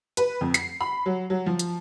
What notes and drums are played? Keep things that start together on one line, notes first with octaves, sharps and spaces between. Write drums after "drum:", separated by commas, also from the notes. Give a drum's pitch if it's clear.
B4, drum: hi-hat
F2
C7, drum: hi-hat
B5
F#3
F#3
F3
drum: hi-hat